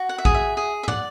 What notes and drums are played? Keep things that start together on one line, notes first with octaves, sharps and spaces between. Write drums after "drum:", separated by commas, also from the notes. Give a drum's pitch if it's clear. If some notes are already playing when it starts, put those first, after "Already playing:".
Already playing: F#4
F#5
E5
G#4, drum: kick
E5
G#4
E5
D5 F#5, drum: tom